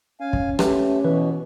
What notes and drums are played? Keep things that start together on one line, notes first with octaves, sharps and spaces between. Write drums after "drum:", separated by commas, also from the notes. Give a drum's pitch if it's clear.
C#4 F5 G#5
drum: kick
A3 C#4 G4 B4, drum: rim click
B2 E3 B4